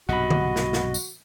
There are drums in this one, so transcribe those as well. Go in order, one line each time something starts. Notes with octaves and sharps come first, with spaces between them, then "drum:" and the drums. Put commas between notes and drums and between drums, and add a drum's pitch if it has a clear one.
B1 G2 C3 F#4 D#5 F#5 B5
drum: tom D3
drum: snare
drum: snare
drum: tambourine